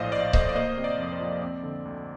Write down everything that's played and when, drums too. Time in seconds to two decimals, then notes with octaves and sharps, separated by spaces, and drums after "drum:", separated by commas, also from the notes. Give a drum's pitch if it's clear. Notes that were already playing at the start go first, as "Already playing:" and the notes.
Already playing: A#1 A2 C5 D5 D#5 F5
0.12 A#1 D5
0.33 A3 C5 D#5, drum: kick C#1
0.49 D5
0.55 A#3 C5 D#5
0.77 C3
0.84 D5
0.98 F2
1.13 C5
1.20 F3
1.42 C4 D5
1.63 D3
1.85 D2